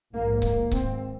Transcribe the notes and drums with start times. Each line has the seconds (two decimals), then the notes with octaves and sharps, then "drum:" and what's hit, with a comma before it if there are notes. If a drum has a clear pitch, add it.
0.13 A#1 G#2 A#3
0.42 A#3, drum: kick C#1
0.71 G#1 G#2 C4, drum: kick C#1